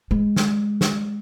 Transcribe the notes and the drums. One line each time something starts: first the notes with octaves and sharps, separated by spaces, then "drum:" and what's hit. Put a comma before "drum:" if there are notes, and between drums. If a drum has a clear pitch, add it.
G#3
drum: snare
drum: snare